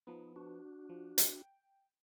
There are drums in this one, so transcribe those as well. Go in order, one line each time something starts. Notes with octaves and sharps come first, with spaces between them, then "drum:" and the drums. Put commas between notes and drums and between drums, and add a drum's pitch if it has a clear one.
F3 B3 D#4
D4 F#4
F3
G5, drum: hi-hat